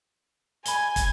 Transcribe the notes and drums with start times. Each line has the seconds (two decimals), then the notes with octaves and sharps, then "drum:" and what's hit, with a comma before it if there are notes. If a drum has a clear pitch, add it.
0.66 G#5 B5 G7, drum: hi-hat
0.96 drum: kick, hi-hat